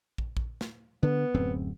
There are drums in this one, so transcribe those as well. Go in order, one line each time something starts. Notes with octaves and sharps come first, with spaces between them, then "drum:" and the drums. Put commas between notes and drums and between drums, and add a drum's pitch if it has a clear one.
drum: kick
drum: kick
drum: snare
D3 B3
D1 F#2 C4